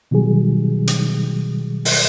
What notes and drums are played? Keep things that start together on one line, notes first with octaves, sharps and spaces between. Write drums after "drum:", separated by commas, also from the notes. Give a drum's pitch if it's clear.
B2 D#3 F#3 G3 G#4
drum: hi-hat
drum: open hi-hat